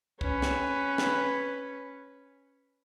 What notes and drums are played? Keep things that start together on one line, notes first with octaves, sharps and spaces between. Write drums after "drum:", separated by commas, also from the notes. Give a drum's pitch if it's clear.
C#4 B4, drum: kick
drum: snare
drum: snare